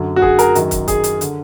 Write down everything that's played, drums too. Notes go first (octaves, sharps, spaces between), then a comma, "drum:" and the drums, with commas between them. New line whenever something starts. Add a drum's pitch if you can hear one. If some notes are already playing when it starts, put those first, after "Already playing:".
Already playing: F#2 D3
F#4
G#4, drum: kick
A#4, drum: hi-hat
F#2 D#3, drum: hi-hat
drum: kick, hi-hat
G#4, drum: kick, hi-hat
drum: hi-hat
D3, drum: hi-hat